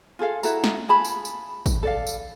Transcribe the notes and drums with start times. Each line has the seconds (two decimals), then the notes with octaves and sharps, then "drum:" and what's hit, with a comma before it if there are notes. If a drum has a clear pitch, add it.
0.19 F4 G#4 A4 F5
0.43 E4 F#4 A4 A#5, drum: tambourine
0.64 drum: snare
0.88 F4 G#4 A5 B5
1.04 drum: tambourine
1.25 drum: tambourine
1.66 drum: kick, tambourine
1.83 A4 D5 F5
2.07 drum: tambourine